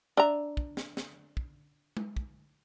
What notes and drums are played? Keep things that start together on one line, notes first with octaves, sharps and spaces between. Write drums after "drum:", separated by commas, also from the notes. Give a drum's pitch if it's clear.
D4 E5 A#5
drum: kick
drum: snare
drum: snare
drum: kick
drum: tom G#3
drum: kick